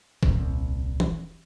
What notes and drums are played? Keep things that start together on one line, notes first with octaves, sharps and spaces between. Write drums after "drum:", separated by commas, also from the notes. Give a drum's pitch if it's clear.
D#1 C2, drum: kick A1
drum: tom E3